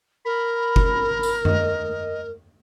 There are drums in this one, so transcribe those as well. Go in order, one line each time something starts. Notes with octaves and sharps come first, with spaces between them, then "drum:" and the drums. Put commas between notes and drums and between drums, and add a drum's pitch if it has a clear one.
A#4 B5
drum: kick F#1
drum: tambourine
D#5, drum: tom F#2